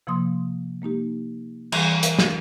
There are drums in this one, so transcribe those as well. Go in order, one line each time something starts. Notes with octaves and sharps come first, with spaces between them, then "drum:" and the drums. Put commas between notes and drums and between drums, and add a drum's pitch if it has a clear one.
C3 F3 A#3 C6 D#6
G#3 A#3 D#4 G4
E3 G3, drum: cymbal
A#4 E5 F5, drum: hi-hat
drum: snare